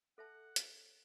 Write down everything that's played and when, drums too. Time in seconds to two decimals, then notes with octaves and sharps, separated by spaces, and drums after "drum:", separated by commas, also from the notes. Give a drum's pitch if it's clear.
0.18 A4 E5 F#5 A5
0.56 drum: hi-hat